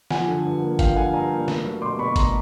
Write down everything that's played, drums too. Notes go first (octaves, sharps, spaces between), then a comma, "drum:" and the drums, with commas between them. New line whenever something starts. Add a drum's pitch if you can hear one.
F3 F#5 G#5, drum: snare
D3
G2
A#3
F3 F5 G5, drum: kick G1, hi-hat
D3 F#5 G#5
G2 G#5 A#5
A#3
A3, drum: snare
F#3
B2 C6 D6
B2 B5 C#6
A3 A#5 C6, drum: kick G1, hi-hat